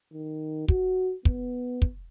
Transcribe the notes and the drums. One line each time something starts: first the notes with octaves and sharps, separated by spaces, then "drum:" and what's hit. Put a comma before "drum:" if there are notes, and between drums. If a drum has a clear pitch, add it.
D#3
F#4, drum: kick
B3, drum: kick
drum: kick